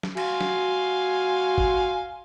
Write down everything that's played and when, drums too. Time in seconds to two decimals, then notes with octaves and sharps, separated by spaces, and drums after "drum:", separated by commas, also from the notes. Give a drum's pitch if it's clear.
0.03 drum: snare
0.17 F#4 F5 G#5 C6, drum: cymbal
0.41 drum: snare
1.58 drum: kick